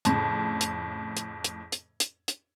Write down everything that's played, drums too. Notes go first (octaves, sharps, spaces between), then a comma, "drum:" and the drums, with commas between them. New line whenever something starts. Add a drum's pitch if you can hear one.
F2 A2 C#3, drum: hi-hat
drum: hi-hat
drum: hi-hat
drum: hi-hat
drum: hi-hat
drum: hi-hat
drum: hi-hat